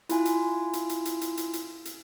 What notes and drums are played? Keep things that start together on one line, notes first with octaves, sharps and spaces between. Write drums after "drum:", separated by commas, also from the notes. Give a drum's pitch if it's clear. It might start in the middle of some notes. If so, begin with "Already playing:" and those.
E4 F4 G#5, drum: hi-hat
drum: hi-hat
drum: hi-hat
drum: hi-hat
drum: hi-hat
drum: hi-hat
drum: hi-hat
drum: hi-hat
drum: hi-hat